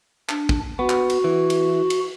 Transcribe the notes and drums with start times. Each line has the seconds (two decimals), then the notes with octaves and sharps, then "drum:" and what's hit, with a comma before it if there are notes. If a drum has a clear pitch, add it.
0.29 D4, drum: clap
0.49 drum: kick
0.79 B3 F#4
0.90 drum: clap
1.10 drum: cymbal
1.24 E3
1.50 drum: cymbal
1.90 drum: cymbal